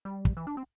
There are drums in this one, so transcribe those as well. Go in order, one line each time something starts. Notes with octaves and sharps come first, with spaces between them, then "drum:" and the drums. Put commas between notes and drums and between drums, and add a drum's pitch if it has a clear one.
G3
drum: kick
E3
D4
C4